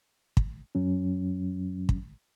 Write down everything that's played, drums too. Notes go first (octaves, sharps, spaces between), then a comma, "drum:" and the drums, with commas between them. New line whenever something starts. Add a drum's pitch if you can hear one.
drum: kick
F#2 F#3 C#4
drum: kick